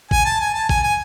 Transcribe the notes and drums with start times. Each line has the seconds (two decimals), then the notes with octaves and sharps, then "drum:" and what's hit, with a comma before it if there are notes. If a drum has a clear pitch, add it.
0.11 G#5, drum: kick
0.25 A5
0.40 G#5
0.54 A5
0.69 G#5, drum: kick
0.83 G#5